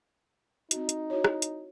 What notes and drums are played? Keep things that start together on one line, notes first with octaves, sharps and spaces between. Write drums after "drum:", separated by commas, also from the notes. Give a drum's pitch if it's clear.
C4 D#4 F#4, drum: hi-hat
drum: hi-hat
E4 F#4 C#5
drum: rim click
drum: hi-hat